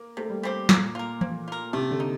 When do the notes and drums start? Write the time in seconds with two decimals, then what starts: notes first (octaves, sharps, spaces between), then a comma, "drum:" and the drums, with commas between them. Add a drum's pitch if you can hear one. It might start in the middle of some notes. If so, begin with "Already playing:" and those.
Already playing: A#3
0.17 C3 A3
0.30 G3
0.43 G3 C4 G4
0.69 A#2 A#3, drum: snare
0.95 A#2 F4 A#4
1.21 A#3, drum: tom E3
1.48 F4 A#4
1.73 C3 A3
1.91 D3
2.00 D#4